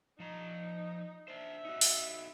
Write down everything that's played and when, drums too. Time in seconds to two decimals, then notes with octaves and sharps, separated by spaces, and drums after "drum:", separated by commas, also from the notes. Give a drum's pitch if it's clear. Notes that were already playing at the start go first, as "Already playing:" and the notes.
0.20 F3 D#4 A#5
1.28 D4 C5 E5
1.65 D#4 F#4
1.81 drum: open hi-hat